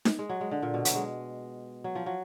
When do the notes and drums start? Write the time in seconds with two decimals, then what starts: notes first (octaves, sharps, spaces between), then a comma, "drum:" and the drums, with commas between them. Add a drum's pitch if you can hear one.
0.05 drum: snare D#4
0.19 G#3
0.29 F#3
0.41 G#3
0.51 D3
0.62 A#2
0.74 B2
0.85 F#3, drum: hi-hat
0.95 G#3
1.84 F#3
1.95 F3
2.06 F#3